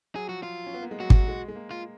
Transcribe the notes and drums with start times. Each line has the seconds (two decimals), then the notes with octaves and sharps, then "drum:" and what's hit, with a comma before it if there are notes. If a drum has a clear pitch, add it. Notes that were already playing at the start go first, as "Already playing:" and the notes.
0.15 F#3 G#4
0.29 F3 F#4
0.43 F4
0.66 C#4
0.74 B3
0.82 A#3
0.91 G#3
1.00 F#3 F#4
1.10 drum: kick
1.28 G#3
1.48 G#3
1.56 A#3
1.71 F4